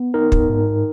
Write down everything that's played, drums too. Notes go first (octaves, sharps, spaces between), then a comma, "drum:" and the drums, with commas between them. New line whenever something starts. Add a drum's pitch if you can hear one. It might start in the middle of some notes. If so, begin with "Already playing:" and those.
Already playing: B3
D#4 A#4
drum: kick
G#2